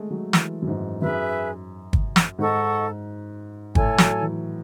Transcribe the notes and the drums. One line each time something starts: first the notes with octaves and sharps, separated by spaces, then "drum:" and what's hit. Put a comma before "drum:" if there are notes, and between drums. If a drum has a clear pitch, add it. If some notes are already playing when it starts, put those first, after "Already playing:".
Already playing: G#3 A3
F#3
E3, drum: snare
F#2
G#2
F#2 G#4 B4 E5
drum: kick
drum: snare
G#2 A4 D#5 F#5 C#6
A2 A4 C#5 G#5, drum: kick
F#3, drum: snare
E3